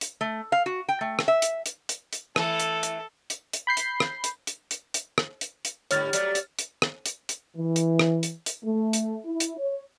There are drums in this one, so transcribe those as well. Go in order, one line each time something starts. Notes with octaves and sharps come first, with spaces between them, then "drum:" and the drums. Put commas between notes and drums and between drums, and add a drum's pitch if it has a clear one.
drum: hi-hat
A3
F5
F#4
G5
A3
drum: rim click
E5
drum: hi-hat
drum: hi-hat
drum: hi-hat
drum: hi-hat
E3 A3 A4, drum: rim click
drum: hi-hat
drum: hi-hat
drum: hi-hat
drum: hi-hat
B5 G6 C7
drum: hi-hat
drum: rim click
drum: hi-hat
drum: hi-hat
drum: hi-hat
drum: hi-hat
drum: rim click
drum: hi-hat
drum: hi-hat
G#2 D3 G3 C#5 F6 A6, drum: hi-hat
F#3 G3 A3 D5, drum: hi-hat
drum: hi-hat
drum: hi-hat
drum: rim click
drum: hi-hat
drum: hi-hat
E3
drum: hi-hat
drum: rim click
drum: hi-hat
drum: hi-hat
A3
drum: hi-hat
E4
drum: hi-hat
C#5